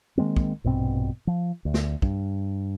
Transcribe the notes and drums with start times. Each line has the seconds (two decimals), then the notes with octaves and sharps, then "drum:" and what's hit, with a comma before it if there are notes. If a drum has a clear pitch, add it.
0.18 D#3 G#3 A#3 C4
0.36 drum: kick
0.64 A#1 G2 B2 C4
1.27 F3
1.65 D2
1.74 drum: snare
2.02 G2, drum: kick